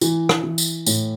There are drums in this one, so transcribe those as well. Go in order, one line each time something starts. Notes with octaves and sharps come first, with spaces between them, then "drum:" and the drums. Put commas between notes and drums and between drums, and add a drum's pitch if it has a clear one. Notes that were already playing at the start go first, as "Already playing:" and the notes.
E3, drum: tambourine
drum: rim click
E3
drum: tambourine
A2, drum: tambourine